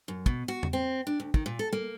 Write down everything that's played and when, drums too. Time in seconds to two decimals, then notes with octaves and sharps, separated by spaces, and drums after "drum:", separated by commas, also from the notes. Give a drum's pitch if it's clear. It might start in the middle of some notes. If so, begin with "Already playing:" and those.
0.08 F#2
0.26 B2, drum: kick
0.48 F#4
0.63 drum: tom E2
0.73 C4
1.07 D4
1.20 D2
1.34 D#3, drum: kick
1.46 A#2
1.59 A4
1.73 A#3, drum: tom G3